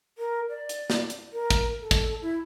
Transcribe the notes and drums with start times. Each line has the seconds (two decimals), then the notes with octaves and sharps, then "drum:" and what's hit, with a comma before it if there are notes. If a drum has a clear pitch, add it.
0.18 A#4
0.49 D5
0.69 drum: hi-hat
0.90 drum: snare
1.10 drum: hi-hat
1.33 A#4
1.50 drum: kick, hi-hat
1.81 A4
1.91 drum: kick, hi-hat
2.22 E4